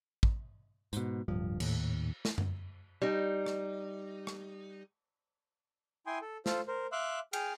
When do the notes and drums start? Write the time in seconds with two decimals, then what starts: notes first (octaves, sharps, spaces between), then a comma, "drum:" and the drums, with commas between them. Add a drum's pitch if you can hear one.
0.23 drum: kick
0.93 G#2 B2, drum: hi-hat
1.28 D1 G2 F3
1.60 D#2 A2, drum: cymbal
2.25 drum: snare
2.38 drum: tom F#2
3.02 G3 D#4
3.46 drum: rim click
4.27 drum: rim click
6.07 E4 G5 G#5 C6 D#6
6.22 A4
6.46 F4 A4 C5, drum: snare
6.68 A#4 C5
6.92 E5 F5 C6 D6 E6 F#6
7.33 G#4 G5 F6, drum: cymbal